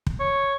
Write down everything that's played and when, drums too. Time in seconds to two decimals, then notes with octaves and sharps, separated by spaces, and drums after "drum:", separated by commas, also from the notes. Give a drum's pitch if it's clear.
0.07 drum: kick
0.20 C#5